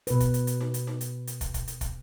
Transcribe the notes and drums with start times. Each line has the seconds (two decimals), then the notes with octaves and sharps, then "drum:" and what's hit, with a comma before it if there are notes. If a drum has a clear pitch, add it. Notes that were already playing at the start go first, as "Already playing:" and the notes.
0.07 B2 B4, drum: hi-hat
0.20 drum: kick, hi-hat
0.34 drum: hi-hat
0.47 drum: hi-hat
0.61 drum: snare
0.74 drum: hi-hat
0.87 drum: snare
1.01 drum: hi-hat
1.27 drum: hi-hat
1.41 drum: kick, hi-hat
1.54 drum: kick, hi-hat
1.68 drum: hi-hat
1.81 drum: kick, hi-hat